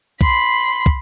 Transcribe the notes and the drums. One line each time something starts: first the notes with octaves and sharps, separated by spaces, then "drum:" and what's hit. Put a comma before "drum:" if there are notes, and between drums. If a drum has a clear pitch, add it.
B5 C6, drum: kick
drum: kick